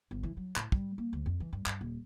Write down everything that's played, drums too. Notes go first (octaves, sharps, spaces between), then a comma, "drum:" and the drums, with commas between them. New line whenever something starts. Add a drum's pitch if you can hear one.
G1
E3
F#3
A2, drum: clap
G3, drum: kick
A#3
D2
F2
E3
G2
G2, drum: clap
D#1